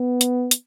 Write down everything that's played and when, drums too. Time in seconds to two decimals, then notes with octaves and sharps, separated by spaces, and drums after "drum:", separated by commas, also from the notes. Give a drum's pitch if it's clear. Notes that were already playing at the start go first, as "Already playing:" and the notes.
Already playing: B3
0.21 drum: hi-hat
0.51 drum: hi-hat